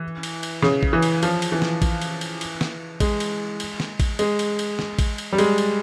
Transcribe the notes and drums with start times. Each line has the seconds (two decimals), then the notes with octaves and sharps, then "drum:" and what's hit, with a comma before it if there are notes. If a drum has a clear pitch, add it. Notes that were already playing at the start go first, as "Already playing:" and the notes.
Already playing: E3
0.23 drum: cymbal
0.43 drum: cymbal
0.63 C#3, drum: snare
0.83 drum: kick A1
0.93 E3
1.02 drum: cymbal
1.23 F3, drum: cymbal
1.42 drum: cymbal
1.52 E3
1.62 drum: snare
1.82 drum: kick A1, cymbal
2.01 drum: cymbal
2.21 drum: cymbal
2.41 drum: cymbal
2.61 drum: snare
3.00 G#3, drum: kick A1, cymbal
3.20 drum: cymbal
3.60 drum: cymbal
3.80 drum: snare
4.00 drum: kick A1, cymbal
4.19 G#3, drum: cymbal
4.39 drum: cymbal
4.59 drum: cymbal
4.79 drum: snare
4.99 drum: kick A1, cymbal
5.18 drum: cymbal
5.33 G3
5.38 G#3, drum: cymbal
5.58 drum: cymbal